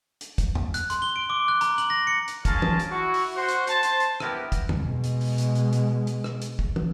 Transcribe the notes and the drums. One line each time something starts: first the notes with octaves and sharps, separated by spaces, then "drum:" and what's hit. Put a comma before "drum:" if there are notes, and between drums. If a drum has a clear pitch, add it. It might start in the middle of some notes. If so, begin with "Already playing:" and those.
drum: hi-hat
drum: kick, hi-hat
drum: tom F2
F#6, drum: hi-hat
C6, drum: hi-hat
G7
D7
D6
F#6
A#5, drum: hi-hat
F#7, drum: hi-hat
A#6
C#7
drum: hi-hat
C#4 F4 G#4 A#4 A5, drum: kick, hi-hat
drum: tom
drum: hi-hat
E4 F#4
drum: open hi-hat
F#4 C5
drum: hi-hat
C5 A5, drum: hi-hat
drum: hi-hat
drum: hi-hat
B3 E4 G4 A#4, drum: rim click
drum: kick, hi-hat
drum: tom F2
B2 G#3
drum: hi-hat
drum: open hi-hat
drum: hi-hat
drum: hi-hat
drum: hi-hat
drum: hi-hat
drum: rim click
drum: hi-hat
drum: kick
drum: tom